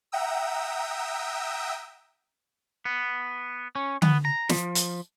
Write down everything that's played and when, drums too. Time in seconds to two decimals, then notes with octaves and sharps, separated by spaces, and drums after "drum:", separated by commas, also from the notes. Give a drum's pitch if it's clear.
0.12 E5 F#5 G5 A#5 D#6 E6
2.85 B3
3.76 C#4
4.02 B3, drum: tom D3
4.25 A#5
4.49 F3, drum: snare
4.75 drum: hi-hat